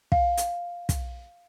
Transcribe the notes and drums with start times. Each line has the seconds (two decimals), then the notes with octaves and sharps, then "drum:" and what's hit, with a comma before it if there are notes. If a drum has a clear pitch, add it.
0.12 F5, drum: kick
0.37 drum: hi-hat
0.89 drum: kick, hi-hat